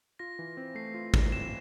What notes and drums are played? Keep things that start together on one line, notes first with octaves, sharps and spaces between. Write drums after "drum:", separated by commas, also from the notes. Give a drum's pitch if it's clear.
F4 A#6
E3
C4
A3 C7
F4
E3, drum: kick
C4 E7